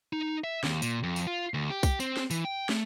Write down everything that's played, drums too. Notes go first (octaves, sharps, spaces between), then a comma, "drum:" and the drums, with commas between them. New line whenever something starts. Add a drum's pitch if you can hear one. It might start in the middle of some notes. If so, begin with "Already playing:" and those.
D#4
E5
D#2, drum: snare
A#2, drum: tambourine
F2
drum: tambourine
F4
D2
G4
drum: kick B1, tambourine
C4, drum: tambourine
drum: snare
E3, drum: tambourine
G5
A3, drum: snare